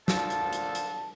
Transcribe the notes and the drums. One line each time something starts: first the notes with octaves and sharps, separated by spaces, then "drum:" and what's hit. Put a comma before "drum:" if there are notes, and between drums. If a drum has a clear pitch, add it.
A#2 D3 F3 A4 A5, drum: snare
drum: hi-hat
drum: hi-hat
drum: hi-hat